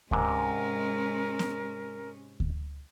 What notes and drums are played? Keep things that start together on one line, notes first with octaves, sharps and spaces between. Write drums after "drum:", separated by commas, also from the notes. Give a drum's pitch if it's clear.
G#2 C3 G#3 C#4 A#4, drum: kick D2
drum: snare
drum: kick D2